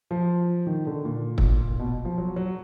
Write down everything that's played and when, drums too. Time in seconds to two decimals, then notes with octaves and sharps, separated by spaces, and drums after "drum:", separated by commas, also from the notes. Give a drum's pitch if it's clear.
0.11 F3
0.67 D#3
0.87 D3
1.05 A#2
1.38 drum: kick
1.79 B2
2.05 F3
2.18 F#3
2.36 F#3